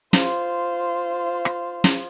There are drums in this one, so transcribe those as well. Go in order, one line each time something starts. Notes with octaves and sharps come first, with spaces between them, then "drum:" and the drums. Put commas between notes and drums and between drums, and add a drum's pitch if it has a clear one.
F4 C5, drum: snare
drum: rim click
drum: snare